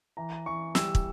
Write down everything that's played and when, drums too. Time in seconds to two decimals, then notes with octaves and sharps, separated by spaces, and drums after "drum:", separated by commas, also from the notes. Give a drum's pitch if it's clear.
0.17 E3 A#5
0.46 E3 C#6
0.75 G3 E6, drum: snare
0.95 drum: kick